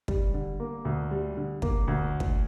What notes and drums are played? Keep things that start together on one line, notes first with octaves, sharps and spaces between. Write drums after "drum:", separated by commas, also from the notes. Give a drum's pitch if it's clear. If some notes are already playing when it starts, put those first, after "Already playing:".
G3, drum: kick
D3
A#3
D2
G3
D3
A#3, drum: kick
D2
drum: kick